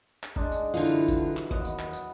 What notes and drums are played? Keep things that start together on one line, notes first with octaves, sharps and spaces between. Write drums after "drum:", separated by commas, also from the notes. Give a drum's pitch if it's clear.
drum: clap
G#3 D4 D#4, drum: kick
drum: tambourine
D3 E3 F#3 D#4 F4
drum: kick, tambourine
drum: clap
D#2 B3 D#5 F#5, drum: kick
drum: tambourine
drum: clap
drum: tambourine